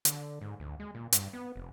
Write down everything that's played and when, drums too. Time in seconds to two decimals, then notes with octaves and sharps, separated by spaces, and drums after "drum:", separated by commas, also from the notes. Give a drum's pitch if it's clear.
0.05 D3, drum: hi-hat
0.41 G#2
0.60 D2
0.80 G#3
0.95 A#2
1.13 G2, drum: hi-hat
1.33 B3
1.56 F1